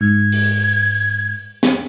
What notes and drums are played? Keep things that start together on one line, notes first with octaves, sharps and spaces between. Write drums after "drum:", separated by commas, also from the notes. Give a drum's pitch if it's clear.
G#2 G#6
drum: open hi-hat
drum: snare